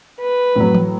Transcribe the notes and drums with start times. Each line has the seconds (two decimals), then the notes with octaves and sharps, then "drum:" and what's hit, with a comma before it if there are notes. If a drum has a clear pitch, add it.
0.21 B4
0.56 A2 F#3
0.75 drum: tom E3